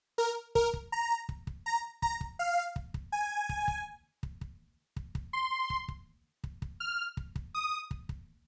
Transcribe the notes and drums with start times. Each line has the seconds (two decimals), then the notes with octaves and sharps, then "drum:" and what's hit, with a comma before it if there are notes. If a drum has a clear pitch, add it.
0.18 A#4
0.55 A#4, drum: kick
0.74 drum: kick
0.92 A#5
1.29 drum: kick
1.47 drum: kick
1.66 A#5
2.02 A#5, drum: kick
2.21 drum: kick
2.39 F5
2.76 drum: kick
2.94 drum: kick
3.12 G#5
3.49 drum: kick
3.68 drum: kick
4.23 drum: kick
4.41 drum: kick
4.96 drum: kick
5.15 drum: kick
5.33 C6
5.70 drum: kick
5.88 drum: kick
6.44 drum: kick
6.62 drum: kick
6.80 F6
7.17 drum: kick
7.36 drum: kick
7.55 D#6
7.91 drum: kick
8.09 drum: kick